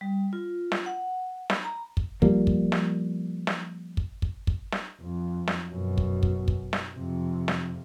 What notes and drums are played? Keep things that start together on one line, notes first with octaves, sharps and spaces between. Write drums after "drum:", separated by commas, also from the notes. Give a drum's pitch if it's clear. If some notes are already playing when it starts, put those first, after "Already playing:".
G3
F4
drum: snare
F#5
B5, drum: snare
A#5
drum: kick
F3 G3 A#3, drum: kick
drum: kick
drum: snare
drum: snare
drum: kick
drum: kick
drum: kick
drum: snare
F2
drum: snare
F#2 B2
drum: kick
drum: kick
drum: kick
drum: snare
F2 C3
drum: snare